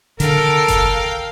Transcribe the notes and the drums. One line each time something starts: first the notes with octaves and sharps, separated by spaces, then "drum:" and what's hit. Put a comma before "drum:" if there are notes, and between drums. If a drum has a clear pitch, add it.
D3 A4 A#4 F5 G5, drum: hi-hat
drum: kick F#1, hi-hat